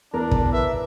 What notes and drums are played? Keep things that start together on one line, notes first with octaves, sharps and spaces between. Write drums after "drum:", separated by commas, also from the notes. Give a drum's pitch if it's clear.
E2 D4 A#4
drum: kick
B4 E5